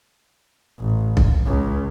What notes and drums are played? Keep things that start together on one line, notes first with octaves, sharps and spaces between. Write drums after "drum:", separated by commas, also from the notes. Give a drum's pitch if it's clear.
A1
drum: kick B1
C#2